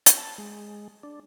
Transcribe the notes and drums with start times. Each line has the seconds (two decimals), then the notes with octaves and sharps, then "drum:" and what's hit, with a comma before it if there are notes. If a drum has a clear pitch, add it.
0.06 drum: hi-hat
0.17 A5
0.38 G#3
1.03 D4